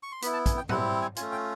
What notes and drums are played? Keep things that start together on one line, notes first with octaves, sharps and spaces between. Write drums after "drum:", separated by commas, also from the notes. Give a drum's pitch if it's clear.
C#6
C6
B3 E4 B5, drum: hi-hat
A5
G#5, drum: kick, hi-hat
G5
G3 C4 E4 F#5, drum: tom G#2
G#5
A3 C#4 F4 G#5, drum: hi-hat
G5